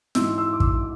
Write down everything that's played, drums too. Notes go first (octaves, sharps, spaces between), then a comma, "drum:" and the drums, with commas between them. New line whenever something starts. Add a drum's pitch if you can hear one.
G#2 E3 C6 E6, drum: snare
C6 E6
D6
C6 E6, drum: kick